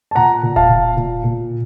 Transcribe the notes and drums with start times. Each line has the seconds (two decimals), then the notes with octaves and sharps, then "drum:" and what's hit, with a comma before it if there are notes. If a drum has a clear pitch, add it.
0.11 A5
0.15 A#2 F#5 A#5
0.43 A#2
0.56 F5 A5, drum: kick E1
0.69 A#2
0.97 A#2
1.24 A#2